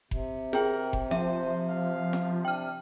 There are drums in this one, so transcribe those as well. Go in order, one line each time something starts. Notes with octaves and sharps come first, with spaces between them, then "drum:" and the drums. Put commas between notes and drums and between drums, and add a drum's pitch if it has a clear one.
C3, drum: kick F1
G#4 A#4 G5, drum: snare
drum: kick F1
F3 C5 E5, drum: snare
F5
drum: snare
D4 G5 F6